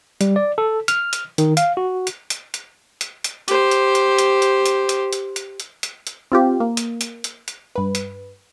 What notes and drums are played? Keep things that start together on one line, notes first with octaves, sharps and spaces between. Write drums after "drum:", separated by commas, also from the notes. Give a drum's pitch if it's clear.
G3, drum: hi-hat
D5
A4
F6, drum: hi-hat
drum: hi-hat
D#3, drum: hi-hat
F5, drum: hi-hat
F#4
drum: hi-hat
drum: hi-hat
drum: hi-hat
drum: hi-hat
drum: hi-hat
G4 C5, drum: hi-hat
drum: hi-hat
drum: hi-hat
drum: hi-hat
drum: hi-hat
drum: hi-hat
drum: hi-hat
drum: hi-hat
drum: hi-hat
drum: hi-hat
drum: hi-hat
drum: hi-hat
C4 F4 G4
A#3
drum: hi-hat
drum: hi-hat
drum: hi-hat
drum: hi-hat
G2 B4
drum: hi-hat